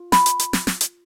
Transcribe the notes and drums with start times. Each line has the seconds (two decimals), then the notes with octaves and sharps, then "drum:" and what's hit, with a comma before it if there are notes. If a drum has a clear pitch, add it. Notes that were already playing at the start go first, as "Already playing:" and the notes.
Already playing: F4
0.12 B5, drum: snare
0.26 drum: hi-hat
0.39 drum: hi-hat
0.53 drum: snare
0.67 drum: snare
0.81 drum: hi-hat